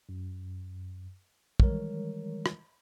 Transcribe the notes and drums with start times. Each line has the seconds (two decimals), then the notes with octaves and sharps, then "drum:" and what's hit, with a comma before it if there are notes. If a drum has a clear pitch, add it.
0.09 F#2
1.60 D#3 E3 G3 G#3 A#4 C#5, drum: kick
2.46 drum: rim click